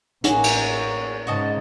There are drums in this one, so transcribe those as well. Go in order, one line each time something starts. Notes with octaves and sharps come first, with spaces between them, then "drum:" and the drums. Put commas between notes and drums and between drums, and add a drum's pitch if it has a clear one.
A1 A#3 F#4 G#4 C#5, drum: hi-hat
drum: cymbal
G#2 C#3 F#4 D#5 A5